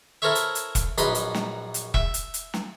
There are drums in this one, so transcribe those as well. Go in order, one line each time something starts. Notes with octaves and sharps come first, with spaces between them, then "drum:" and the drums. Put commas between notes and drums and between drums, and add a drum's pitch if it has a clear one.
E4 A4 A#4 C5 C#5 E5
drum: hi-hat
drum: hi-hat
drum: kick E1, hi-hat
A#1 F#2 D#4 B4 B5 C6, drum: hi-hat
drum: hi-hat
drum: snare
drum: hi-hat
E5, drum: kick E1
drum: hi-hat
drum: hi-hat
drum: snare